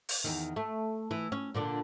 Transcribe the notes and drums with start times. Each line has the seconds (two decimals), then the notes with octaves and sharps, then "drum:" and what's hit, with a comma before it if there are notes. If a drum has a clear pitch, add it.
0.09 drum: open hi-hat
0.24 E2 D#3
0.56 A3
1.11 E3
1.32 C#4
1.54 A#2 D3 D4